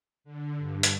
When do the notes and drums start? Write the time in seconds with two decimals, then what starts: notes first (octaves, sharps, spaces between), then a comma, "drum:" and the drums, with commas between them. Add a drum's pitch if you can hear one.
0.24 D3
0.57 G2
0.83 drum: hi-hat